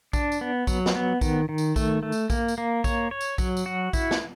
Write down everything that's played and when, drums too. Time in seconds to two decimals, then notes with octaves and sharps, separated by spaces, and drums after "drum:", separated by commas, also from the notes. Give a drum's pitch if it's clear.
0.13 D4, drum: kick A#1, tambourine
0.32 drum: tambourine
0.41 B3
0.67 F#3, drum: kick A#1, tambourine
0.86 drum: snare
0.96 B3
1.21 D#3, drum: kick A#1, tambourine
1.49 D#3
1.58 drum: tambourine
1.76 A3, drum: kick A#1, tambourine
2.03 A3
2.12 drum: tambourine
2.30 A#3, drum: kick A#1, tambourine
2.48 drum: tambourine
2.58 A#3
2.84 C#5, drum: kick A#1, tambourine
3.11 C#5
3.21 drum: tambourine
3.38 F#3, drum: kick A#1, tambourine
3.57 drum: tambourine
3.66 F#4
3.93 E4, drum: kick A#1, tambourine
4.11 drum: snare